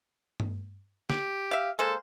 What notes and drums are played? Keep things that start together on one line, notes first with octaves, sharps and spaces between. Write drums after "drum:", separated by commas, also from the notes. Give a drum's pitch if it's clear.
drum: tom G2
G4, drum: snare
E5 F5
G#3 A#3 A4 C5